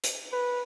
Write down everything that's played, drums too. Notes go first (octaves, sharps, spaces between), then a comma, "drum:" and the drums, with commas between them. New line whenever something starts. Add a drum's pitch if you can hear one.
drum: hi-hat
B4